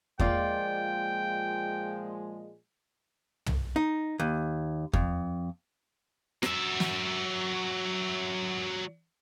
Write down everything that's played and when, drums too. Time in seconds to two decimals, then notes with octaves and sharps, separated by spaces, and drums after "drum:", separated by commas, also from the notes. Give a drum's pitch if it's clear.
0.19 A#2 F3 G#3 A#3 F4 D5 G5, drum: kick E2
3.46 drum: tom
3.76 D#4
4.20 D#2
4.93 F2, drum: kick E2
6.43 F#3 E5, drum: rim click
6.80 drum: snare